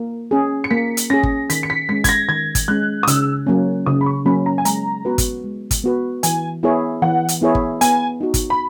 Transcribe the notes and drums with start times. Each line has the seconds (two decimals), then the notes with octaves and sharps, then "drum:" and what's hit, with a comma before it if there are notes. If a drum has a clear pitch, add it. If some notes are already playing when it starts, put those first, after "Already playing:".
Already playing: A#3
0.31 C#4 G#4
0.64 C#7
0.71 A#3 B6
0.97 drum: hi-hat
1.10 C#4 G#4 A#6
1.23 drum: kick
1.50 D#3 B6, drum: hi-hat
1.63 C#7
1.70 B6
1.89 G#3 C#4 B6
2.04 G#6, drum: kick, hi-hat
2.09 A#6
2.29 D#3 G#6
2.55 drum: kick, hi-hat
2.68 G#3 C#4 F#6
3.03 D#6
3.07 C#3 E6, drum: hi-hat
3.47 F#3 A#3 C#4
3.86 C#3 D#6
4.01 B5
4.06 C#6
4.25 F#3 A#3 C#4 B5
4.46 A#5
4.58 G#5
4.65 G#3 A#5, drum: hi-hat
5.05 B3 F#4 B4
5.18 drum: kick, hi-hat
5.44 G#3
5.71 drum: kick, hi-hat
5.84 B3 F#4 B4
6.23 E3 G#5, drum: hi-hat
6.63 B3 E4 G#4 C#5
7.02 E3 F#5
7.28 drum: hi-hat
7.41 B3 E4 G#4 C#5
7.55 drum: kick
7.81 B3 G#5, drum: hi-hat
8.21 D#4 F#4
8.34 drum: kick, hi-hat
8.50 B5